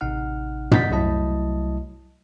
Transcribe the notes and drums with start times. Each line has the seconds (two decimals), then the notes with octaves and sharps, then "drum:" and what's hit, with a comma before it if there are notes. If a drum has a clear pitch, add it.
0.01 A1 C3 D#4 F#5 F6
0.71 G#2 D#5 F#5 G6 A6 B6, drum: tom
0.90 C2 F#3 A3 E4 D#5 A5